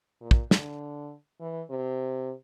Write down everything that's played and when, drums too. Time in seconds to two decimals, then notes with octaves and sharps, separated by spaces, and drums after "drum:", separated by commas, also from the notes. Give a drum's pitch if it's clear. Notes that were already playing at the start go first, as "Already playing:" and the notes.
0.21 A#2
0.31 drum: kick
0.51 D3, drum: snare
1.41 E3
1.70 C3